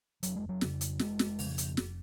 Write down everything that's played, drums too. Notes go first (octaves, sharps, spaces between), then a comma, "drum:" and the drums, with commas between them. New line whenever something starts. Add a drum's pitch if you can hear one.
F1 F#3, drum: hi-hat
G#3
F#3
F2 C#3, drum: snare
drum: hi-hat
F1 G#3, drum: snare
drum: snare
F2 C#3, drum: open hi-hat
drum: hi-hat
F1, drum: snare